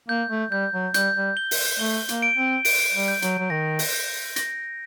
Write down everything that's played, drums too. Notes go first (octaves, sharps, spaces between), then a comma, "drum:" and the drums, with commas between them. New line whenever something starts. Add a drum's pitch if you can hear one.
A#3 G6
A3
G3 G6
F#3
G3 G6, drum: hi-hat
G3
G7
drum: open hi-hat
A3 G7
A#3, drum: hi-hat
D7
C4
D7, drum: open hi-hat
G3
G6
F#3, drum: hi-hat
F#3
D#3 A#6
drum: open hi-hat
G6
A#6, drum: hi-hat